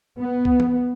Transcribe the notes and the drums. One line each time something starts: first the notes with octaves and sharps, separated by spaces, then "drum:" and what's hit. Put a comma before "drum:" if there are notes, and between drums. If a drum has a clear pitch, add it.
B3
drum: kick
drum: tom E3